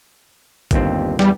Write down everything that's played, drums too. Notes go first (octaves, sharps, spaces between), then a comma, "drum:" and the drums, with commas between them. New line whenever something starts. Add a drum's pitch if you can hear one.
G1 D#2 C4, drum: kick A1, hi-hat
E2 G3, drum: snare